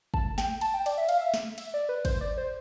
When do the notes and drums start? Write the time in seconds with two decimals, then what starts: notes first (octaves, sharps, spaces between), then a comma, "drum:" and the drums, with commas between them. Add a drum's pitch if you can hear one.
0.14 A5, drum: kick
0.38 G5, drum: snare
0.61 A5, drum: cymbal
0.74 G5
0.86 D5, drum: cymbal
0.98 E5
1.09 F5, drum: cymbal
1.21 E5
1.34 drum: snare
1.58 E5, drum: cymbal
1.74 D5
1.89 B4
2.05 C5, drum: kick, cymbal
2.21 D5
2.37 C5